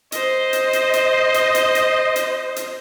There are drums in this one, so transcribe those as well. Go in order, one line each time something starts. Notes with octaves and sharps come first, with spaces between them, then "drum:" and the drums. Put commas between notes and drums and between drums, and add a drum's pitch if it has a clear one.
C5 D#5, drum: hi-hat
drum: hi-hat
drum: hi-hat
drum: hi-hat
drum: hi-hat
drum: hi-hat
drum: hi-hat
drum: hi-hat
drum: hi-hat